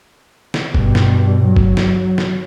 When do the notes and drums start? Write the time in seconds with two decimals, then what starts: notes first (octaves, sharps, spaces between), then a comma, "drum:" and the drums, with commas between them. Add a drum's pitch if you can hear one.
0.54 drum: snare
0.75 G2 B2, drum: kick
0.95 drum: snare
1.45 F#3
1.56 drum: kick
1.77 drum: snare
2.18 drum: snare